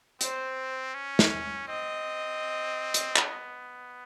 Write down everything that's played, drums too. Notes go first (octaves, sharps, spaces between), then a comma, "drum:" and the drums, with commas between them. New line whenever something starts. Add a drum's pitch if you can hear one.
C4 C5, drum: hi-hat
C#4
drum: snare
C4 D#5
drum: hi-hat
B3, drum: clap